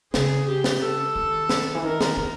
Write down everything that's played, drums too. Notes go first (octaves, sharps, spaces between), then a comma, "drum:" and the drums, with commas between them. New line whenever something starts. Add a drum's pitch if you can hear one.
C#3 G#4, drum: snare
G4
drum: snare
A4
D#3
drum: snare
E3
D#3 A#4
drum: snare
D#3